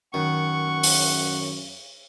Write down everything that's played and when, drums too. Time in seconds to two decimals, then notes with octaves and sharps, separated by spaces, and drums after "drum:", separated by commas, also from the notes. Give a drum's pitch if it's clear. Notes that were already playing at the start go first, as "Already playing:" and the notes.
0.14 F#2 D#3 F#5 C#6
0.83 drum: open hi-hat